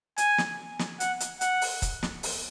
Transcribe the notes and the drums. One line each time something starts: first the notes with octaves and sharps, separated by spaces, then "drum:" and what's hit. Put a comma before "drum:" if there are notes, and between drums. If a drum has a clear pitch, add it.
G#5, drum: hi-hat
drum: snare
drum: snare
F#5, drum: hi-hat
drum: hi-hat
F#5, drum: hi-hat
drum: open hi-hat
drum: kick, hi-hat
drum: snare
drum: open hi-hat